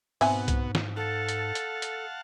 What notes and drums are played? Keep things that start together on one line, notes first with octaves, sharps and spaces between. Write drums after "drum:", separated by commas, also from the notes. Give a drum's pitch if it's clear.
G#2 B2 B3 C4 F#4 E5 G#5, drum: open hi-hat
drum: kick C2, hi-hat
drum: snare
A4 F5 F#5 A5
drum: hi-hat
drum: hi-hat
drum: hi-hat